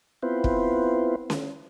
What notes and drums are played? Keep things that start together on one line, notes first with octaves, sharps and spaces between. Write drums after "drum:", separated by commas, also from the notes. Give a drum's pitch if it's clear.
B3 C4 E4 F4 B4 C5
drum: kick
drum: snare C#4